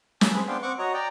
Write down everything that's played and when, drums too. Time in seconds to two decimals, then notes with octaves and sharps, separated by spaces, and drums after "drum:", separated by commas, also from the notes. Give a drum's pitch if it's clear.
0.21 G#5 A5 D#6 E6, drum: snare
0.35 C4 G#4 B4 B5
0.48 B3 D4 C5 F5 G5
0.62 C4 F#5 C#6 D6
0.79 F#4 C#5 D#5 A#5
0.93 D5 G5 A#5